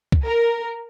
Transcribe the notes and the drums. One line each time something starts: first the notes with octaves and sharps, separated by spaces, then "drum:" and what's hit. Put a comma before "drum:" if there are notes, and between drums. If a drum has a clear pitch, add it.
drum: kick C#2
A#4